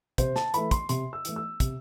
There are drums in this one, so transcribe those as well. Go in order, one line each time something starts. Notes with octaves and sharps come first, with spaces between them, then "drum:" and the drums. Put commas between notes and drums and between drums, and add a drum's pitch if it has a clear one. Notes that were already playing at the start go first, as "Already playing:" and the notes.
C3 C5, drum: kick, hi-hat
A5, drum: snare
E3 A3 B5, drum: hi-hat
C6, drum: kick, hi-hat
C3 C6, drum: hi-hat
E6
E3 A3, drum: hi-hat
E6
C3, drum: kick, hi-hat